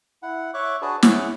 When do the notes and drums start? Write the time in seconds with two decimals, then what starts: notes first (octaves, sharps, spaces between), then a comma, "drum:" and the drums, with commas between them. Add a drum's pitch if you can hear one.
0.23 E4 F#5
0.54 C#5 E5 C#6 D6 F#6
0.82 D4 F#4 G#4 B4 A5
1.03 E4 G#4 C#5 F#5, drum: snare